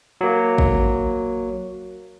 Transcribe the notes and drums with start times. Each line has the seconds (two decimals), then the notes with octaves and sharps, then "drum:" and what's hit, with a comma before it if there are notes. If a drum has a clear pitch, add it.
0.21 F#3 A#3
0.58 drum: kick A1